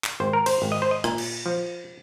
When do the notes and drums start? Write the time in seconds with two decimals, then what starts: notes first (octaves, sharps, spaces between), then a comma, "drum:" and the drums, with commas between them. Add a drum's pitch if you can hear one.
0.04 drum: clap
0.20 G#1 C5
0.33 A#4
0.46 C5, drum: cymbal
0.62 G#1
0.72 D#5
0.82 C5
0.91 D#5
1.04 A#2, drum: rim click
1.18 drum: cymbal
1.46 F3